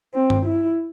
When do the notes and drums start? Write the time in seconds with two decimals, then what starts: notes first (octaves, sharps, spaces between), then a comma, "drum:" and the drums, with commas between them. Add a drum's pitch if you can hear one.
0.15 C4
0.30 drum: tom G2
0.46 E4